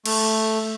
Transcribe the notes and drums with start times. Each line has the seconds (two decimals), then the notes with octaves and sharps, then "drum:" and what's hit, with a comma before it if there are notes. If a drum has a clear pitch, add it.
0.06 A3, drum: cymbal